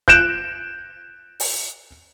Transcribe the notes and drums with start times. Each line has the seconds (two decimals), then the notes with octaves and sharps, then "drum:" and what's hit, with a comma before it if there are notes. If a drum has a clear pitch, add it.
0.08 F#6 G6 D7 E7, drum: kick
1.40 drum: open hi-hat